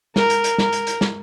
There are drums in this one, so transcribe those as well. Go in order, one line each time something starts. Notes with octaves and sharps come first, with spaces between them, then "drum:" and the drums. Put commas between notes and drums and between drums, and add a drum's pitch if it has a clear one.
A#4, drum: snare
drum: hi-hat
drum: hi-hat
A#4, drum: snare
drum: hi-hat
drum: hi-hat
drum: snare